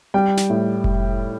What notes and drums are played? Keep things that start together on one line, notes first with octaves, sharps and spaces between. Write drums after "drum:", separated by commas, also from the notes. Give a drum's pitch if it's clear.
G3 G5
drum: snare
A2
drum: kick F1